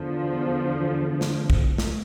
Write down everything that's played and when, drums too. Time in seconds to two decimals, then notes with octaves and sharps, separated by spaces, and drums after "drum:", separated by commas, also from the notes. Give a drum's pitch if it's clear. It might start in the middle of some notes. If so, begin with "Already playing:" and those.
Already playing: E2 D3 F3
1.21 drum: snare
1.50 drum: kick
1.78 drum: snare